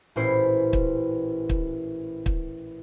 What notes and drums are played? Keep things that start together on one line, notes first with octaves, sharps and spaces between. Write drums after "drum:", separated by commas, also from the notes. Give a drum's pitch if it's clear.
A1 A#2 C#4 E4 C5 C7
drum: kick
drum: kick
drum: kick